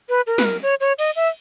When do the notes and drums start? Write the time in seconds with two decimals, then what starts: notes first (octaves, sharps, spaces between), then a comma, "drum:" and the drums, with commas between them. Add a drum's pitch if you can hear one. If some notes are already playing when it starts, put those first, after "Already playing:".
0.09 B4
0.27 A#4
0.38 B4, drum: snare
0.45 A#4
0.62 C#5
0.80 C#5
0.98 D#5, drum: cymbal
1.16 E5